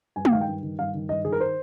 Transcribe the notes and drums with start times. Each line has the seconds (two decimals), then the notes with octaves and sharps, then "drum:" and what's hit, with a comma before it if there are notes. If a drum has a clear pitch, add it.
0.16 G2 G#5
0.25 G5, drum: tom
0.32 D#3 F5
0.41 G5
0.48 G2
0.63 D#3
0.79 G2 F5
0.94 D#3
1.09 G2 D#5
1.25 D#3 G#4
1.32 A#4
1.41 C5